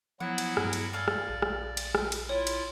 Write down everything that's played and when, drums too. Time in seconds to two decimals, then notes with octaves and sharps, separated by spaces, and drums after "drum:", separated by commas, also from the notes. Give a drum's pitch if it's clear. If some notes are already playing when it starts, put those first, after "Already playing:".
0.20 F3 F#3 B3 E4 F#5
0.38 drum: cymbal
0.57 G2, drum: rim click
0.73 drum: cymbal
0.93 A4 D5 F5 G#5
1.08 drum: rim click
1.29 A#1
1.42 drum: rim click
1.77 drum: cymbal
1.95 drum: rim click
2.12 drum: cymbal
2.29 E4 F4 C#5
2.47 drum: cymbal